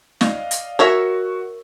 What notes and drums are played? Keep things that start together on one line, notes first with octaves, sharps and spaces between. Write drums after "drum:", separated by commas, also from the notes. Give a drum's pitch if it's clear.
D5 D#5 F5, drum: snare
drum: hi-hat
F#4 A#4 C#5 E5